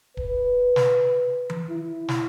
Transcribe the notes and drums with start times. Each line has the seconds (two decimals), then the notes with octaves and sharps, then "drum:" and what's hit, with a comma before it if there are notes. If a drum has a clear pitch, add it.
0.17 B4, drum: kick D1
0.76 drum: snare
1.50 drum: tom E3
1.70 E4
2.08 drum: snare